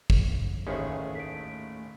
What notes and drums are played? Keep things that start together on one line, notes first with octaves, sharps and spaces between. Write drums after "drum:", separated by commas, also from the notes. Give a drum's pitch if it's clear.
drum: kick
A1 D#2 D#3 C#4 G#4 B4 C5 E5
A3 B6 D7